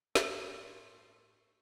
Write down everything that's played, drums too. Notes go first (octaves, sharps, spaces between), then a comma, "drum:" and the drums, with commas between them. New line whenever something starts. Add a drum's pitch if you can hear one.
G1 A2 A3 C6 C#6, drum: snare